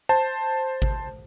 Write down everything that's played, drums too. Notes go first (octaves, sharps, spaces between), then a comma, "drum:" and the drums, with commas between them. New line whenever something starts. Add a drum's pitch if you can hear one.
C5 A5
drum: kick G#1